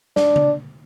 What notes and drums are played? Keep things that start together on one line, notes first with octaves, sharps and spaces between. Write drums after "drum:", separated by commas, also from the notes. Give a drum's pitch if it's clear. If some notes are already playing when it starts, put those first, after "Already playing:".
D4, drum: snare
drum: tom C#3